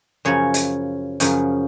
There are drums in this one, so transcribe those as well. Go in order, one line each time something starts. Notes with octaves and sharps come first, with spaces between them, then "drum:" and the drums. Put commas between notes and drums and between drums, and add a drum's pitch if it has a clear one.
F#2 C#3 F3 C#5
drum: hi-hat
F#2 C#3 F3, drum: hi-hat